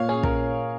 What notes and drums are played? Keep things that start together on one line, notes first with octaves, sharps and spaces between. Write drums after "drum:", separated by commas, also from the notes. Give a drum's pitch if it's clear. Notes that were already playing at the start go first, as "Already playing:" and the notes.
Already playing: A#2 C#5 F5
C#4 G#4
A#4, drum: kick